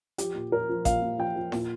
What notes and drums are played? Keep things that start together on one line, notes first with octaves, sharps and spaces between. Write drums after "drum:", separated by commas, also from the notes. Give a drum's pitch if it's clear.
F3 G4, drum: hi-hat
A#2
F3 A#4
F3
A#2 F5, drum: kick A1, hi-hat
A#2
F3 G5
F3
A#2, drum: snare E4